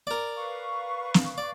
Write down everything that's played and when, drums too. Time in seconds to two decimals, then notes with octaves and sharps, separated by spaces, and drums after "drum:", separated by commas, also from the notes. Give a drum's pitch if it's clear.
0.07 A#4 D5
0.37 B4 F5 C#6
1.14 drum: snare
1.38 D5